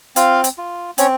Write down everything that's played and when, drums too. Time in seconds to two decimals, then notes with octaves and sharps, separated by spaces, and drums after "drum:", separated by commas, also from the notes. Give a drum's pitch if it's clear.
0.16 C4 F4 F5, drum: hi-hat
0.44 drum: hi-hat
0.58 F4
0.98 C4 C#4 C#5, drum: hi-hat